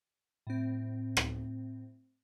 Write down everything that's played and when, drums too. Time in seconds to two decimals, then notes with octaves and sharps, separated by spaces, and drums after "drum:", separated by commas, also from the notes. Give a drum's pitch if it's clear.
0.47 A2 C4
1.17 drum: rim click